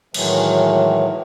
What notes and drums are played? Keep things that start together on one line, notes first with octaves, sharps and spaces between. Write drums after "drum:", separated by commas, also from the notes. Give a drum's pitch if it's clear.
A2 D#3 E3 F#3 G#3 A3, drum: cymbal